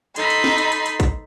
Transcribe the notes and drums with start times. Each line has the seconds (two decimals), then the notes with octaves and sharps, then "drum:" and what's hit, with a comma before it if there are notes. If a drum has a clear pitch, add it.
0.16 D#4 A4 B5 C6, drum: hi-hat
0.30 drum: hi-hat
0.44 drum: snare
0.58 drum: hi-hat
0.72 drum: hi-hat
0.86 drum: hi-hat
1.00 drum: kick, hi-hat